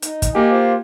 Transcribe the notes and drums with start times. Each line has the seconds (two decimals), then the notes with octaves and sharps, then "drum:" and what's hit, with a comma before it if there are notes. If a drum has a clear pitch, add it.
0.02 D#4, drum: hi-hat
0.22 drum: kick, hi-hat
0.35 A#3 G4 D#5 G#5
0.51 F4 C5 F5